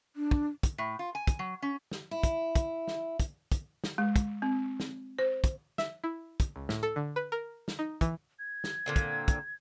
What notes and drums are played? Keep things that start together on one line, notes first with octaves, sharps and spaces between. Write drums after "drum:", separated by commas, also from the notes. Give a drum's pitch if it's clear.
D4
drum: kick
drum: kick, hi-hat
A2
F4
G#5
drum: kick, hi-hat
F#3
C#4
drum: snare
E4
drum: kick, hi-hat
drum: kick, hi-hat
drum: snare
drum: kick, hi-hat
drum: kick, hi-hat
drum: snare
G#3
drum: kick, hi-hat
C4
drum: snare
C5
drum: kick, hi-hat
E5, drum: snare
E4
drum: kick, hi-hat
C#2
A2, drum: snare
A4
D3
B4
A#4
drum: snare
D#4
E3, drum: kick, hi-hat
G#6
drum: snare
A#2 D3 C4
drum: kick, hi-hat
drum: kick, hi-hat